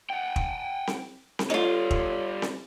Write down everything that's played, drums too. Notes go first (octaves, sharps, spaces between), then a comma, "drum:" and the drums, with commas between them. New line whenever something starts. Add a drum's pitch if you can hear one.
F#5 G5
drum: kick
drum: snare C4
drum: snare C4
G3 D#4 F4 A4 C#5
drum: kick
drum: snare C4